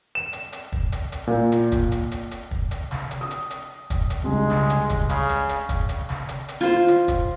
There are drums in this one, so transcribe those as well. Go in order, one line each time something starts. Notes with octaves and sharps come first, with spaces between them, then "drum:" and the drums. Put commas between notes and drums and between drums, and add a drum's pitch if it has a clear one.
E7
drum: hi-hat
drum: hi-hat
drum: kick
drum: hi-hat
drum: hi-hat
A#2
drum: hi-hat
drum: kick, hi-hat
drum: hi-hat
drum: hi-hat
drum: hi-hat
drum: kick
drum: hi-hat
drum: snare
drum: hi-hat
D#6
drum: hi-hat
drum: hi-hat
drum: kick, hi-hat
drum: hi-hat
C#2 G2 G#3
drum: snare
drum: hi-hat
drum: kick, hi-hat
C#3, drum: hi-hat
drum: hi-hat
drum: hi-hat
drum: kick, hi-hat
drum: hi-hat
drum: snare
drum: hi-hat
drum: hi-hat
F4 C5
drum: hi-hat
drum: kick, hi-hat